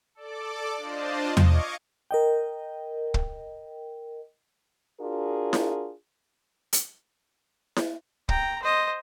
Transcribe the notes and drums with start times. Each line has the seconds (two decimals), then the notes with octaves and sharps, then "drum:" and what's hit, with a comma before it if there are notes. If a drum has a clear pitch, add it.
0.15 A4 D5 D6
0.77 D4 F4 C5 D5 D#5 A5
1.37 D#5 F5 C#6 D6 G#6, drum: tom E2
2.11 A#4 D#5 G5
3.14 drum: kick
5.00 D4 F4 F#4 G#4 A#4
5.53 drum: snare E4
6.73 drum: hi-hat
7.76 drum: snare E4
8.29 G5 A#5, drum: kick
8.62 C5 D#5